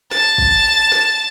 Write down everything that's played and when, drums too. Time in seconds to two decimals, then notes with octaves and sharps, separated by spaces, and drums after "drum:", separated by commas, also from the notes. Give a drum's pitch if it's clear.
0.11 A5 A6, drum: snare
0.38 drum: kick
0.92 drum: snare